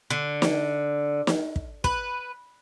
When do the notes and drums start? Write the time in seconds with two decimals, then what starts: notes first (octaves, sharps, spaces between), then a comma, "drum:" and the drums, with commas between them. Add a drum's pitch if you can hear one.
0.10 D3
0.42 drum: snare
1.27 drum: snare
1.56 drum: kick
1.84 B4, drum: kick